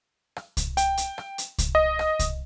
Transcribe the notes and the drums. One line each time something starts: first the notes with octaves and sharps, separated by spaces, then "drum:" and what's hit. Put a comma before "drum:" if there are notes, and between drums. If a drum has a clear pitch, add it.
drum: rim click
drum: kick C2, hi-hat
G5, drum: hi-hat
drum: hi-hat
drum: rim click
drum: hi-hat
drum: kick C2, hi-hat
D#5
drum: rim click
drum: kick C2, hi-hat